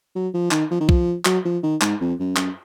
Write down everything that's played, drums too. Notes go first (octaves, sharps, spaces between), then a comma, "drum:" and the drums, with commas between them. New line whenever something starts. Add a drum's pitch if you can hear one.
F#3
F3
D#3, drum: clap
F3
D#3
F3, drum: kick B1
F#3, drum: clap
F3
D#3
G#2, drum: clap
F2
F#2
F#2, drum: clap